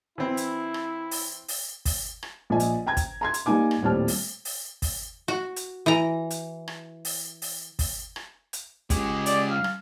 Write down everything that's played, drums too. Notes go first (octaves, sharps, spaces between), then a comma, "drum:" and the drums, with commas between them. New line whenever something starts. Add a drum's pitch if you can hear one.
E3 C4 E4
drum: hi-hat
drum: rim click
drum: open hi-hat
drum: open hi-hat
drum: kick, open hi-hat
drum: rim click
A#1 D#5 G#5
drum: hi-hat
G5 A#5 G#6
drum: kick, hi-hat
A#5 C6 G#6
drum: hi-hat
G3 A#3 D#4 G#5 D6
drum: rim click
D#1 A2 G3 C4 A5 F6
drum: open hi-hat
drum: open hi-hat
drum: kick, open hi-hat
F#4
drum: hi-hat
E3 A#5
drum: hi-hat
drum: rim click
drum: open hi-hat
drum: open hi-hat
drum: kick, open hi-hat
drum: rim click
drum: hi-hat
C#3 G#3 G4 G#4 D#5, drum: kick, hi-hat
D5, drum: hi-hat
F5
drum: rim click